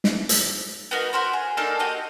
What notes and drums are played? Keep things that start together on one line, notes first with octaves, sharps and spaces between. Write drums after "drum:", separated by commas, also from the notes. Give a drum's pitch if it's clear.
drum: snare
drum: hi-hat
B3 D#4 F#4 A#4
F#4 A#4 C5 B5
G#4
A#3 D4 D#4 A4
A#3 F#4 G4 D#5